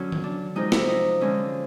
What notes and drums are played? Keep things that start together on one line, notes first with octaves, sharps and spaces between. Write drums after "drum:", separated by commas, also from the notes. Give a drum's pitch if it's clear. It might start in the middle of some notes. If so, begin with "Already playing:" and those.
Already playing: D3 F#3 C#4
drum: tom D#3
D4
C3 F3 G#3 D#4
E4, drum: snare
D#4
D3 F3 G#3 C#4